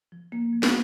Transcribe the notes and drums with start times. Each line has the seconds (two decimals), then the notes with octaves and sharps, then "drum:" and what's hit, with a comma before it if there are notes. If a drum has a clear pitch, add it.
0.12 F3
0.32 F3 A#3
0.53 F3
0.63 drum: snare